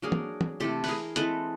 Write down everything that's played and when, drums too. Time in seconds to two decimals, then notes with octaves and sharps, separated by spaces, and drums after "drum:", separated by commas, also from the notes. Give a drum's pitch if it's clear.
0.02 F#3 A#3 D4 G#4 A#4
0.12 drum: tom
0.41 drum: tom
0.60 C3 E3 A3 C4 G4 A4
0.84 G#4 A#4 B4, drum: open hi-hat
1.16 E3 G#3 C4 A4 B4, drum: hi-hat